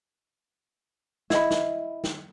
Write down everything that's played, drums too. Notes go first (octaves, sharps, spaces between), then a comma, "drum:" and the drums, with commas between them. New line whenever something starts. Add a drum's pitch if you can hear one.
E4 D#5 B5, drum: snare
drum: snare
drum: snare